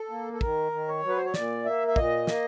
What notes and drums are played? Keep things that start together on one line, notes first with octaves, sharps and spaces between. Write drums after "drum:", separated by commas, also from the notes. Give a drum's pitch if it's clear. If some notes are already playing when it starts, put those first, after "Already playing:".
Already playing: A4
A#3
A4
D#3 A#4, drum: kick
D#3
C#5
F#3
B4
C5
C#5
A#2 D5, drum: snare
A#3 E5
E5
A#2 D#5, drum: kick
A#3, drum: snare